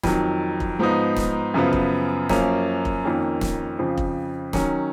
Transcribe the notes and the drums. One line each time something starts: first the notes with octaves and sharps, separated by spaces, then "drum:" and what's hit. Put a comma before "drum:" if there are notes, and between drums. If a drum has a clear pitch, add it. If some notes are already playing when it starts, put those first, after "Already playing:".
F2 D#3 F#3, drum: snare
drum: kick
G#2 F3 B3 D#4
drum: snare
F#2 C#3 F3 B3
drum: kick
F#2 F3 A#3 C#4, drum: snare
drum: kick
F2 D#3 A#3 C#4
drum: snare
F2 C#3 F3
drum: kick
D#3 F#3 C#4, drum: snare